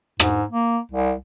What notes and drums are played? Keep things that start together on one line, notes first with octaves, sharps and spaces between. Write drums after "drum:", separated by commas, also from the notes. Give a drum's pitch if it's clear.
G#2, drum: rim click
A#3
C2